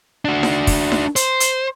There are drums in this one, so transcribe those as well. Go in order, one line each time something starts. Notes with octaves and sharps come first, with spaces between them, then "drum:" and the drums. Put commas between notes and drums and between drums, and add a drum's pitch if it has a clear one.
D4 F#4
drum: snare D#4
drum: kick, open hi-hat
drum: snare D#4
C5, drum: hi-hat
drum: hi-hat